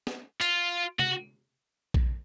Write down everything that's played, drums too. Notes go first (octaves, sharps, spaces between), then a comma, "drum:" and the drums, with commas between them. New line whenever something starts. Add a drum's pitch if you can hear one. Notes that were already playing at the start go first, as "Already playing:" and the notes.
drum: snare
F4, drum: hi-hat
F#4, drum: tom
drum: kick A#1